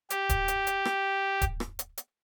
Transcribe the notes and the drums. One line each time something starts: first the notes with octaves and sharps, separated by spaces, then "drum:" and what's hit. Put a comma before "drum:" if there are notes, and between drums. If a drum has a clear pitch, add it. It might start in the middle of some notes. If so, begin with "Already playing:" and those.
G4, drum: hi-hat
drum: kick D1, hi-hat
drum: hi-hat
drum: hi-hat
drum: rim click
drum: kick D1, hi-hat
drum: rim click
drum: hi-hat
drum: hi-hat